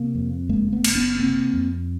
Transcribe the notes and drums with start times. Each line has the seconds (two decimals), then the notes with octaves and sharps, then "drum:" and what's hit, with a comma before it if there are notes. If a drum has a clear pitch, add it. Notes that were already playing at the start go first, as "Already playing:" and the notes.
Already playing: C3 A#3
0.15 F2
0.49 F#1 G#3 A#3
0.72 A3 B3
0.84 F#1, drum: cymbal
0.95 B3 C#4
1.18 C3 A#3 C4
1.54 F2